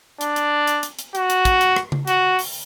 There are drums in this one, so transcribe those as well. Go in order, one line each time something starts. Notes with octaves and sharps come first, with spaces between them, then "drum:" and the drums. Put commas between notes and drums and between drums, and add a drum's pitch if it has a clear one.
D4, drum: hi-hat
drum: hi-hat
drum: hi-hat
drum: hi-hat
drum: hi-hat
F#4, drum: hi-hat
drum: hi-hat
drum: kick, hi-hat
drum: hi-hat
drum: rim click
drum: tom C#3
F#4, drum: hi-hat
drum: open hi-hat